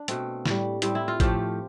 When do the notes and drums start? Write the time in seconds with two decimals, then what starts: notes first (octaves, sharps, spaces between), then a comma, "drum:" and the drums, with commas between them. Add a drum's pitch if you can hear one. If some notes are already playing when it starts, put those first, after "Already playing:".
Already playing: D4
0.08 B2 A3 C4, drum: hi-hat
0.46 A2 G3, drum: snare
0.82 A2 G3 C4, drum: hi-hat
0.95 E4
1.08 F4
1.20 A2 F3 A3 G4, drum: kick G#1, hi-hat